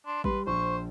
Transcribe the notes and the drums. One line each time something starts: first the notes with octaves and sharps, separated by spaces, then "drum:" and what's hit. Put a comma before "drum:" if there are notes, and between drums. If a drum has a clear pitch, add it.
D4 C6
G3 B4 C6, drum: kick A1
A#1 C5 C#6